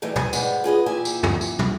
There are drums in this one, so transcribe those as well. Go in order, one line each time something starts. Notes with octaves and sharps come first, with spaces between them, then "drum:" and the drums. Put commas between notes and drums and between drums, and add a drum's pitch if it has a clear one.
D3 E3 G3 A3 D#4
G#5, drum: tom
G#2 G3 G#3 B3, drum: tambourine
F4 G#4 B4 D#5
E2 A#2 E4 G4 E5 G#5
drum: tambourine
drum: tom
drum: tambourine
drum: tom